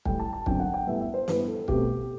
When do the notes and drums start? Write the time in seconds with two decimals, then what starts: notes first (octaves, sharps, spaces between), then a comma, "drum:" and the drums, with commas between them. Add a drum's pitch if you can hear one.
0.05 A2 E3 G3 G5, drum: kick
0.19 A5
0.33 A5
0.46 F#2 D3 F#3 C4 G5, drum: kick
0.60 F#5
0.74 G5
0.87 A2 G3 B3 E5
1.00 E5
1.14 C5
1.28 G2 E3 B3 B4, drum: snare
1.48 A4
1.68 B2 A3 C4 G4, drum: kick